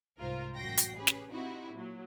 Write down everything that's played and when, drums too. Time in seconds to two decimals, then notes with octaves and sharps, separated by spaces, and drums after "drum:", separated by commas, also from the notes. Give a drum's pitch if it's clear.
0.18 C2 G#2 F4 A#4 C5
0.56 A1 F#2 F#4 G5 A#6 C7
0.77 drum: hi-hat
0.98 C#4 G4 G#4 B4
1.07 drum: snare
1.31 C4 D#4 E4 F#4 G4
1.73 A#2 F#3